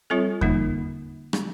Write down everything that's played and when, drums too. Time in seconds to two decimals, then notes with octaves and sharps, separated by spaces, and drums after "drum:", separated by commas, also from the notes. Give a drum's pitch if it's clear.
0.10 G3 C4 F4 A4 C#5
0.41 D3 G3 A#3 D#4, drum: kick E2
1.33 drum: rim click